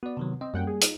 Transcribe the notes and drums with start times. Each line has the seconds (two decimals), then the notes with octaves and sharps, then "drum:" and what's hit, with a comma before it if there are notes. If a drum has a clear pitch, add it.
0.03 B3 F#4 D5
0.17 C3 D#3 F#3
0.41 C4 D#5
0.54 F#2 G3 A#3 F#5 G5
0.67 G#4
0.81 D#4 F4, drum: hi-hat